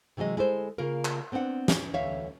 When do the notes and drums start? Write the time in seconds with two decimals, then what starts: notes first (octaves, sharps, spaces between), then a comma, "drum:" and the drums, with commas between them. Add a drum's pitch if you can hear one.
0.17 C3 E3 F#3 G#3 D#5
0.37 G#3 E4 A4 C5
0.78 C#3 A#3 F4 A#4
1.05 drum: clap
1.32 B3 C4 D4 D5 F#5
1.68 drum: snare
1.93 D2 E3 C#5 E5 F5